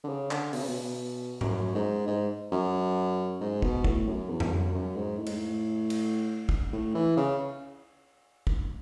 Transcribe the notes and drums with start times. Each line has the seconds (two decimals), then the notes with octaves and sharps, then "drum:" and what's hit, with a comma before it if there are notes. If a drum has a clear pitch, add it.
0.04 D3
0.09 C#3
0.31 D3, drum: clap
0.53 B2, drum: open hi-hat
0.61 C#3
0.68 B2
1.41 F#2, drum: tom G#2
1.75 G#2
2.07 G#2
2.52 F#2
3.40 G#2
3.62 B2, drum: kick
3.84 A2, drum: kick
4.07 F#2
4.29 E2
4.40 drum: tom F2
4.51 F#2
4.74 F#2
4.96 G#2
5.18 A2
5.26 G#2, drum: cymbal
5.36 A2
5.90 drum: cymbal
6.49 drum: kick
6.73 A2
6.94 E3
7.17 C#3
8.47 drum: kick